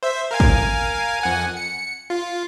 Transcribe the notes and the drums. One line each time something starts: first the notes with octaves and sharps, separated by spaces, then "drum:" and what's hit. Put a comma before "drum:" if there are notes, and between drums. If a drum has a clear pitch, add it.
C5 E5
A#4 F5 G#5
drum: kick
F2 F#5 G#5
C#7
F4